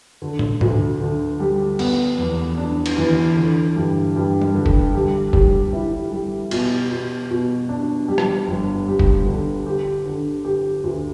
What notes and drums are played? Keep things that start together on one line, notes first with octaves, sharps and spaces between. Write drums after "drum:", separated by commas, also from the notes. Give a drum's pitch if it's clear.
D3
drum: tom
D2, drum: tom G#2
D3
G3
B3, drum: cymbal
E2
D4
drum: cymbal
E3
D3
G2
G2
drum: tom G3
D3
drum: kick
G3
G3, drum: kick
E4
G3
B2, drum: cymbal
B2
B2
D4
G3
drum: rim click
G1
G3
drum: kick
D3
G4
D3
G4
D2